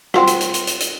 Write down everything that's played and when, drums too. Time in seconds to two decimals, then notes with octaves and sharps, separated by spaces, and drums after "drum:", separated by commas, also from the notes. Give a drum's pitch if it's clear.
0.14 C4 F4 F#4, drum: rim click
0.27 drum: hi-hat
0.41 drum: hi-hat
0.54 drum: hi-hat
0.67 drum: hi-hat
0.80 drum: hi-hat